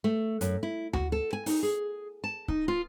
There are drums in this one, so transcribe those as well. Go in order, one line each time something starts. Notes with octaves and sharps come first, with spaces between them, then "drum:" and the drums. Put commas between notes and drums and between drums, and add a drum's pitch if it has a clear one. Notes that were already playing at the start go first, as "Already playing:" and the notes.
A3
F#2, drum: hi-hat
E4
F#4, drum: tom D2
A4
G#5
D#4, drum: open hi-hat
G#4
A5
D#4, drum: kick C#1
F4